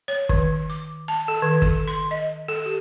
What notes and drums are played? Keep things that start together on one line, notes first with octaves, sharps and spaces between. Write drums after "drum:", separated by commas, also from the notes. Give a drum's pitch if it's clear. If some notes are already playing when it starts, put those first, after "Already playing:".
C#5
D#3, drum: kick
D6
A5
A4
D#3
A4, drum: kick
C6
D#5
A4
G4